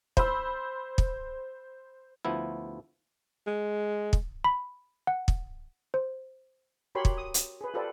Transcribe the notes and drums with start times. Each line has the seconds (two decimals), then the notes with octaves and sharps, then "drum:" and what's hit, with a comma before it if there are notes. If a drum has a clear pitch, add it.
0.17 C5 B5 E6, drum: kick
0.98 drum: kick
2.25 D2 F3 B3 E4
3.47 G#3
4.13 drum: kick
4.44 B5
5.07 F#5
5.28 drum: kick
5.94 C5
6.95 F#4 G4 A#4 C#5 B5 C6
7.05 drum: kick
7.18 D#6
7.34 drum: hi-hat
7.61 G#4 B4
7.74 F4 G4 A4 B4 C5 D5